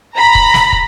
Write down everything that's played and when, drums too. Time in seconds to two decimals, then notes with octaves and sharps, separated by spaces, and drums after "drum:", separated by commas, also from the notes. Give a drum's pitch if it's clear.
0.16 A#5 B5
0.35 drum: kick
0.54 drum: snare
0.73 drum: kick